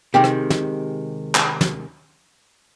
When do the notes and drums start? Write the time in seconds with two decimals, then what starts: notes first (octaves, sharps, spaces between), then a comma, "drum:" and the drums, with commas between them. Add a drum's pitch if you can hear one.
0.14 C3 D#3 G#3 G4
0.24 drum: rim click
0.50 drum: snare
1.35 drum: clap
1.61 drum: snare